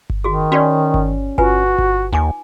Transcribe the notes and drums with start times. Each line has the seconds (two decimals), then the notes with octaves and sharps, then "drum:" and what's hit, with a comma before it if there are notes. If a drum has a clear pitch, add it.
0.10 drum: kick G1
0.24 D#3 F#4 G#4
0.52 C#4 F#4 C#5 D5
0.94 drum: kick G1
1.38 F4 F#4 B4 G#5, drum: kick G1
1.78 drum: kick G1
2.13 D#2 D#4 G#5 D6